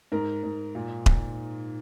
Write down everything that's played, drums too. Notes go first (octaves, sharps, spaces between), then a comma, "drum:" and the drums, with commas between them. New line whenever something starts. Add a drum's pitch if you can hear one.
G#2 A#4
G#2
A#2
A#2, drum: kick D#1